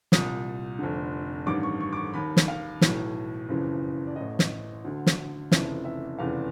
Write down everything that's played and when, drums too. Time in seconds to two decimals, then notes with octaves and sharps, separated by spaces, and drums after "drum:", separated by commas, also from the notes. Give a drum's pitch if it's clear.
0.12 C2 A#2 D#6, drum: snare
0.79 F1 F2 D3
1.46 A1 G2 D#3 D6
1.63 C#6
1.81 C#6
1.93 D6
1.97 C#6
2.14 D#2 D#3 B5
2.37 drum: snare
2.48 F5
2.81 B1 A2 E3, drum: snare
3.49 F#1 F2 C#3 E3
4.07 D5
4.16 A1 A2 E3 D#5
4.39 drum: snare
4.85 D2 D3
5.06 drum: snare
5.52 F1 F2 C#3 E3 E5, drum: snare
5.85 E5
6.19 F1 E2 C#3 E3 F5